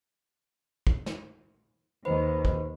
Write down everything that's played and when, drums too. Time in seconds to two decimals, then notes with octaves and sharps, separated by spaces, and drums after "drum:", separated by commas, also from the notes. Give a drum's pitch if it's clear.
0.87 drum: kick
1.06 drum: snare
2.05 D#2 D#3 B4 C5 B5
2.45 drum: kick